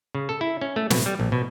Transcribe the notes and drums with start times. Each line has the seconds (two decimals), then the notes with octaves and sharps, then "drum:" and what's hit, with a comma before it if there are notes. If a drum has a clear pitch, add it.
0.15 C#3
0.29 A4
0.41 E4
0.61 C#4
0.76 A3
0.90 B2, drum: snare
1.06 G3
1.20 A#1
1.32 B2